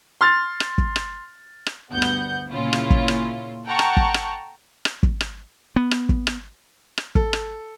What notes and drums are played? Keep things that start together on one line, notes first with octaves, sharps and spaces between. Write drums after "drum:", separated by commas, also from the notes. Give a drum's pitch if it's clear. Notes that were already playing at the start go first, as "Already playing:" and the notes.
C6 F6 A6
drum: rim click
drum: kick
drum: rim click
drum: rim click
D2 G2 B3 F#5 G6
drum: rim click
A#2 C#3 C#4 E4 F4
drum: rim click
drum: kick
drum: rim click
A4 F#5 G5 A5 A#5 C#6
drum: rim click
drum: kick
drum: rim click
drum: rim click
drum: kick
drum: rim click
B3
drum: rim click
drum: kick
drum: rim click
drum: rim click
A4, drum: kick
drum: rim click